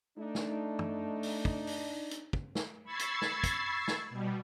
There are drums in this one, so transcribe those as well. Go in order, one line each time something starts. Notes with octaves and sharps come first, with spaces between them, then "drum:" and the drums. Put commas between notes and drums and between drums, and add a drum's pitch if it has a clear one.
A3 D4 D#4
drum: snare
drum: tom
drum: open hi-hat
drum: kick
drum: open hi-hat
drum: hi-hat
drum: kick
drum: snare
B5 C#6 E6 G#6 A6 C7
drum: hi-hat
drum: snare
drum: kick, hi-hat
drum: snare
B2 G3